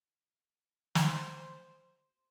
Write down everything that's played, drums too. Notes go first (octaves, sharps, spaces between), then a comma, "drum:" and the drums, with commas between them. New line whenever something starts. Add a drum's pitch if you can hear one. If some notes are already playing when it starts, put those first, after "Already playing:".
C5, drum: snare